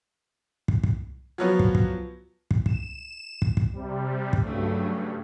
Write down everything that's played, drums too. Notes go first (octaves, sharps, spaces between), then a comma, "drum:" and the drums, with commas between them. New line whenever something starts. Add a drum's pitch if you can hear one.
drum: kick
drum: kick
F3 F#3 B3
drum: kick
drum: kick
drum: kick
E7, drum: kick
drum: kick
drum: kick
C3 G3
drum: kick
G2 C#3 F#3 A3